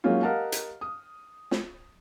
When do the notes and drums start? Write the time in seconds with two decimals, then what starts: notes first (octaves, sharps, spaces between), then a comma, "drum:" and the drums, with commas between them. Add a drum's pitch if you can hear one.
0.04 F#3 G#3 A#3 C#4 D#4 F4
0.23 G4 A#4 D#5 F5 F#5 A5
0.52 drum: hi-hat
0.81 D#6
1.51 drum: snare